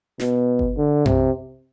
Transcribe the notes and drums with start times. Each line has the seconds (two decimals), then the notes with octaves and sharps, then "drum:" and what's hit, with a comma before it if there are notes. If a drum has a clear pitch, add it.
0.20 B2, drum: snare
0.59 drum: kick G1
0.76 D3
1.06 C3, drum: tom F#2